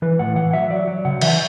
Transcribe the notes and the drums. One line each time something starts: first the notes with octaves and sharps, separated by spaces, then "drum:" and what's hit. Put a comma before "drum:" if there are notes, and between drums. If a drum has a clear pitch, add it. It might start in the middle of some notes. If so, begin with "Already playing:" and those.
E3 B4
A2 F#5
E3 F#5
F#3 E5
F#3 D5
F#3
C#3 F#5
E3 E5, drum: cymbal